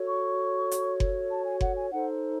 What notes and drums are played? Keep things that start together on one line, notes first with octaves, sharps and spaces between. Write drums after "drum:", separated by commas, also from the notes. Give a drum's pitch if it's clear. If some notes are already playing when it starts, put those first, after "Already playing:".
Already playing: F#4 A4 C#5
C#6
drum: hi-hat
drum: kick F#1
A5
G#5
F#5, drum: kick F#1
G#5
D#4 A4 C5 F#5